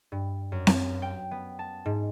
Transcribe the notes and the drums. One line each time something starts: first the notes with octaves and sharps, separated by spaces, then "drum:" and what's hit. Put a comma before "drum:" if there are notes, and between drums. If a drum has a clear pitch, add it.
G2
F#2
drum: snare C4
G5
B3
A5
G#2